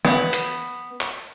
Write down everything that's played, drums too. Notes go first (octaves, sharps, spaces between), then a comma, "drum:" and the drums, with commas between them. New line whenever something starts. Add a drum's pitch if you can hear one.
B3, drum: snare E3
drum: hi-hat
drum: clap